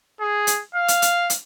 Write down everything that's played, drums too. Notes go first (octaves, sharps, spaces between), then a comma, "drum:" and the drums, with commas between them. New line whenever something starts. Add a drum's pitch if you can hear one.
G#4
drum: hi-hat
F5
drum: hi-hat
drum: hi-hat
drum: hi-hat